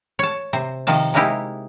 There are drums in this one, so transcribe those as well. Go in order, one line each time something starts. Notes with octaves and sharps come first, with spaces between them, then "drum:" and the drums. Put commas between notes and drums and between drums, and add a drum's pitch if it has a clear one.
C#5 A5
C3 C5
C3 D#3 F3 A5, drum: open hi-hat
C3 G#3 A#3 D#4 E4 G4